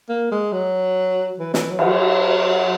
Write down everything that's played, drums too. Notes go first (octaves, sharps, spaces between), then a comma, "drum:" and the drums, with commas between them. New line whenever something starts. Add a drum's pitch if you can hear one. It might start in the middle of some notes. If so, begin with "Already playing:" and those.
A#3
G#3
F#3
E3
E3, drum: snare
F#3
E3, drum: cymbal
F#3